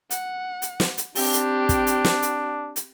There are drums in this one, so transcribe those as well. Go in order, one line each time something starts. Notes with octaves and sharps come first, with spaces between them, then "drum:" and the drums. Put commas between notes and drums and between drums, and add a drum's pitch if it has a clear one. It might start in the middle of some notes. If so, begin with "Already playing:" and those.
F#5, drum: hi-hat
drum: hi-hat
drum: snare
drum: hi-hat
C4 D4 G4, drum: open hi-hat
drum: hi-hat
drum: kick, hi-hat
drum: hi-hat
drum: snare
drum: hi-hat
drum: hi-hat